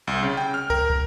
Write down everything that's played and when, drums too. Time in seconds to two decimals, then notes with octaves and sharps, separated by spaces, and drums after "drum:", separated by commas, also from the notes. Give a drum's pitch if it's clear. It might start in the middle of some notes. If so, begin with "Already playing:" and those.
0.07 C2
0.23 C#3
0.37 G5
0.54 F6
0.70 A#4, drum: kick
0.90 drum: kick